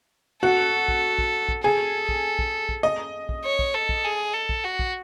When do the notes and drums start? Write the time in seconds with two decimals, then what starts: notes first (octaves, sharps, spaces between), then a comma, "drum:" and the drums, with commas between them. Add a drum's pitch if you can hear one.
0.43 F#4 A4
0.88 drum: kick
1.19 drum: kick
1.49 drum: kick
1.64 G#4 A4
2.09 drum: kick
2.39 drum: kick
2.69 drum: kick
2.83 D#5
3.29 drum: kick
3.45 C#5
3.59 drum: kick
3.74 A4
3.89 drum: kick
4.04 G#4
4.34 A4
4.49 drum: kick
4.64 F#4
4.79 drum: kick